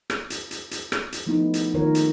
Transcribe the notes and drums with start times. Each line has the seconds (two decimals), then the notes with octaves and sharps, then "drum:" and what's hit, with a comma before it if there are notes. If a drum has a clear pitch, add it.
0.10 drum: rim click
0.30 drum: hi-hat
0.51 drum: hi-hat
0.71 drum: hi-hat
0.92 drum: rim click
1.12 drum: hi-hat
1.27 F3 A3 B3 D#4 E4
1.54 drum: hi-hat
1.74 D#3 A3 F4 A#4 C#5
1.95 drum: hi-hat